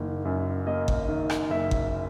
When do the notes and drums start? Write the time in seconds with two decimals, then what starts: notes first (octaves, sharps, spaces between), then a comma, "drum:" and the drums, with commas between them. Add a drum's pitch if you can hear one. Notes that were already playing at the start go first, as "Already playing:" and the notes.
Already playing: F#1 D#3
0.25 F#2
0.67 A#3 D#5
0.88 drum: kick G1
1.09 D#3
1.30 drum: rim click
1.50 F#1 E5
1.71 drum: kick G1